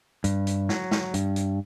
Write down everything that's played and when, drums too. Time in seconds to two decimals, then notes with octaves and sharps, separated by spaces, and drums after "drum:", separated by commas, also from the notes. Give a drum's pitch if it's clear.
0.24 G2, drum: hi-hat
0.47 drum: hi-hat
0.69 F#3, drum: snare
0.91 drum: snare
1.14 G2, drum: hi-hat
1.36 drum: hi-hat